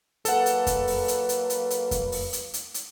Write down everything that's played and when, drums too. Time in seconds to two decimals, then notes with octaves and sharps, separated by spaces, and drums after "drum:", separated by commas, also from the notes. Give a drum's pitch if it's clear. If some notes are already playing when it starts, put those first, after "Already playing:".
0.25 F#3 A#3 A4 B4 F#5, drum: hi-hat
0.46 drum: hi-hat
0.67 drum: kick F2, hi-hat
0.87 drum: open hi-hat
1.08 drum: hi-hat
1.29 drum: hi-hat
1.50 drum: hi-hat
1.70 drum: hi-hat
1.91 drum: kick F2, hi-hat
2.12 drum: open hi-hat
2.33 drum: hi-hat
2.54 drum: hi-hat
2.74 drum: hi-hat